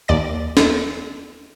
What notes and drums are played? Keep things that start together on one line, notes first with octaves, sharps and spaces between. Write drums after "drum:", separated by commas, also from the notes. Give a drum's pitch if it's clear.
D#2 D5 A6
drum: snare